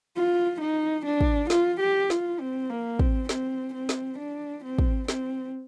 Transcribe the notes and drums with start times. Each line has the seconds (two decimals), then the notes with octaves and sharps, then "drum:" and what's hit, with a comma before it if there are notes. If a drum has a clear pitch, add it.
0.16 F4
0.61 D#4
1.06 D4
1.21 drum: kick
1.50 F4, drum: snare
1.80 G4
2.10 F4, drum: snare
2.40 C4
2.70 A#3
2.99 C4, drum: kick
3.29 C4, drum: snare
3.74 C4
3.89 drum: snare
4.19 D4
4.64 C4
4.78 drum: kick
5.08 C4, drum: snare